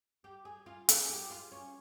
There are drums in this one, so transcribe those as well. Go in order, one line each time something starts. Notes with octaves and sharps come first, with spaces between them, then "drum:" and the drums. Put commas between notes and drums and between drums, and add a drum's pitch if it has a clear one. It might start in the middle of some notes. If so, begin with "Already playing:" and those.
G4
G#4
F4
G#4, drum: hi-hat
G4
F4
C#4